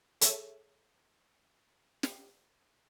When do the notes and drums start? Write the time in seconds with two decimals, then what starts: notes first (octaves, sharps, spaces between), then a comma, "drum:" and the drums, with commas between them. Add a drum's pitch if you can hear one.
0.21 G#4 A4 C#5 E5, drum: hi-hat
2.03 drum: snare